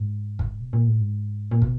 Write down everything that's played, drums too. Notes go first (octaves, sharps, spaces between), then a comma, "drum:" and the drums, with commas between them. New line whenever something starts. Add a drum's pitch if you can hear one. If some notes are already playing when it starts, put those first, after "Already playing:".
Already playing: G#2
drum: kick
B2
A#2
A2
G#2
A#2
B2, drum: kick